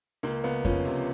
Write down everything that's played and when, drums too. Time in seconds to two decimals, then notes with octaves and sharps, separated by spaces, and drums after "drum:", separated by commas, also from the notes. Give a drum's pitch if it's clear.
0.23 C#2 A#3
0.44 C#2 B3
0.65 F3 C#4, drum: kick F2
0.85 C3